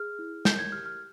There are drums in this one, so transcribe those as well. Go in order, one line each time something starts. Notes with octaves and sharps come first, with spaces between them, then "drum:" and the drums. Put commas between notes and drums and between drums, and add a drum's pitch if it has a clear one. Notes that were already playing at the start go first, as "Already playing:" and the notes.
Already playing: G#4 F6
E4
A#4 G6, drum: snare
G#6
G4 F6
F6